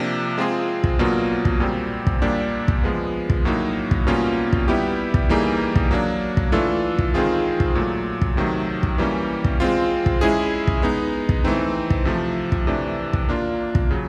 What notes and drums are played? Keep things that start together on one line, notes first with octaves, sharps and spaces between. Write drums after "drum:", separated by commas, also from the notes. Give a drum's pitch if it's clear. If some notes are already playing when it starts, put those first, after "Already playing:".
Already playing: C3 F3 A#3 D4 G4
G#3 C4 F4 G#4
drum: kick
B2 F#3 A#3 D4 F4
drum: kick
A#2 G3 C4
drum: kick
A#2 G3 A#3 D4 G4
drum: kick
F3 G#3 B3
drum: kick
A2 F#3 A#3 D#4
drum: kick
B2 G3 A#3 C#4 F4
drum: kick
G3 B3 E4 G4
drum: kick
E3 G3 A#3 D#4 G#4
drum: kick
F#3 A#3 D4
drum: kick
E3 A3 D4 F4 A4
drum: kick
D#3 G#3 C4 F4 G#4
drum: kick
A#2 F#3 A3
drum: kick
C3 D#3 F#3 A3
drum: kick
E3 G3 A#3 C#4
drum: kick
G#3 C4 F4
drum: kick
G#3 C#4 E4 G#4
drum: kick
G#3 B3 D#4
drum: kick
E3 A3 C4 D#4
drum: kick
C3 F3 A3
drum: kick
C3 E3 A3 D4
drum: kick
A#3 D4 F4
drum: kick
C#3 F#3